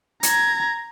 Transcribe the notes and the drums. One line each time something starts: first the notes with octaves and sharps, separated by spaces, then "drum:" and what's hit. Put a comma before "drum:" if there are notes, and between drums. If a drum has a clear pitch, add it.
A#5 G#6, drum: hi-hat